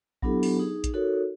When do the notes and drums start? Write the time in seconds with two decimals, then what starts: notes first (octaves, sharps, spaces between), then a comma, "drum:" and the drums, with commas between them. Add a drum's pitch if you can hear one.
0.22 F#3 B3 D4 E4 G4 A4, drum: kick A#1
0.43 drum: open hi-hat
0.59 D#4 G#4
0.84 drum: kick A#1, hi-hat
0.93 D#4 F#4 A4 A#4 C#5